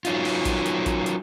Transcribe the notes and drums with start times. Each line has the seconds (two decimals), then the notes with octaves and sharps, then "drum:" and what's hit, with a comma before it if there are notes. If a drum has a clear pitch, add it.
0.05 F#3 C#4 D#4 F4, drum: hi-hat
0.25 drum: open hi-hat
0.45 drum: kick, hi-hat
0.66 drum: hi-hat
0.86 drum: kick, hi-hat
1.06 drum: hi-hat